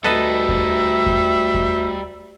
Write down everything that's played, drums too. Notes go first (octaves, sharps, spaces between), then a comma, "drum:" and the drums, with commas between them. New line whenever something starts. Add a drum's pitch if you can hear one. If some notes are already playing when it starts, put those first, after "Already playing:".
D2 G3 D#4 A4 B4 D#5 E5, drum: snare C4
drum: kick E2
drum: kick E2
drum: kick E2